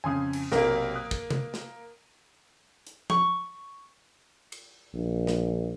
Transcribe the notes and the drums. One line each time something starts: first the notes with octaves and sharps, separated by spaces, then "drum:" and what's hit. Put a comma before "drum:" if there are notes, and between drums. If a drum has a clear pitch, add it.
F2 C#3 G#5 C6 D#6
drum: cymbal
B1 C3 F#3 A#3 A#4, drum: snare
D#6 F#6
drum: kick
drum: tom
drum: snare
drum: hi-hat
C#6, drum: tom F3
drum: cymbal
A#1
drum: snare